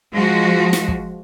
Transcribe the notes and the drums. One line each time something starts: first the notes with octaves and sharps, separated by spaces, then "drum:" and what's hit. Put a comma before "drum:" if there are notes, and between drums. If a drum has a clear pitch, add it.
F3 G#3 F#4
drum: snare
drum: kick